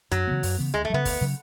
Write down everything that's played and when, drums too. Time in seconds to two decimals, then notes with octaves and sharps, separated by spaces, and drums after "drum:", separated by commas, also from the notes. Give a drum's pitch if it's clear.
0.11 F#2 F#3, drum: hi-hat
0.28 C#3 E3 B3
0.43 F#2, drum: open hi-hat
0.58 C#3 E3 B3
0.73 D2 G#3
0.85 A3
0.90 C#3 F#3 B3
1.05 D2, drum: kick, open hi-hat
1.21 C#3 F#3